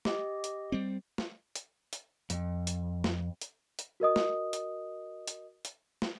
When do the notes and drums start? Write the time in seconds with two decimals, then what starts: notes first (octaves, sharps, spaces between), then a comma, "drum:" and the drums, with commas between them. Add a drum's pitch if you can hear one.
0.05 G4 D#5, drum: snare
0.44 drum: hi-hat
0.72 G3 C4
1.18 drum: snare
1.55 drum: hi-hat
1.93 drum: hi-hat
2.30 F2, drum: hi-hat
2.67 drum: hi-hat
3.04 drum: snare
3.41 drum: hi-hat
3.79 drum: hi-hat
4.00 F#4 A#4 D#5 D#6
4.16 drum: snare
4.53 drum: hi-hat
5.27 drum: hi-hat
5.65 drum: hi-hat
6.02 drum: snare